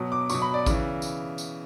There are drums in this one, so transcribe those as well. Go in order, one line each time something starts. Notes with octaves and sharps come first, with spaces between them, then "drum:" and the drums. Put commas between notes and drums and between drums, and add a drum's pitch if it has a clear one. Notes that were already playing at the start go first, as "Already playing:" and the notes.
Already playing: B2 F#3
D6
B2 F#3 C#6, drum: tambourine
B5
D5
C#3 E3, drum: kick A1, tambourine
drum: tambourine
drum: tambourine